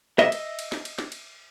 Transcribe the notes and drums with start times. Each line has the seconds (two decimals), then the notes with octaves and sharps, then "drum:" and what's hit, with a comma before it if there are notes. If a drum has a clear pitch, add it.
0.19 D#5 E5, drum: snare
0.32 drum: cymbal
0.59 drum: cymbal
0.72 drum: snare
0.85 drum: cymbal
0.99 drum: snare
1.12 drum: cymbal